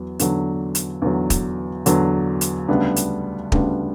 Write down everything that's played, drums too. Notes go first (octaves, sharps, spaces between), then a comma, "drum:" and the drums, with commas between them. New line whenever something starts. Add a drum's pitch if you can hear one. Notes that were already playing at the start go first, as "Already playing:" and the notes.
Already playing: E2 F#3
E2 D3 F#3, drum: hi-hat
drum: hi-hat
E2 D3 F#3
drum: kick, hi-hat
E2 D3 F#3, drum: hi-hat
drum: hi-hat
D2 C#3 G3 B3 D4
drum: hi-hat
D2 C#3 G3 B3 D4, drum: kick